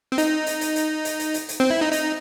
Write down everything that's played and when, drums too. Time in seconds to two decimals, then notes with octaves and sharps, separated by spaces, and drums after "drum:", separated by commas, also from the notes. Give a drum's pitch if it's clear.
0.12 C4
0.18 D#4, drum: hi-hat
0.47 drum: hi-hat
0.61 drum: hi-hat
0.76 drum: hi-hat
1.05 drum: hi-hat
1.19 drum: hi-hat
1.34 drum: hi-hat
1.49 drum: hi-hat
1.60 C4
1.70 E4
1.81 D#4
1.92 D#4, drum: hi-hat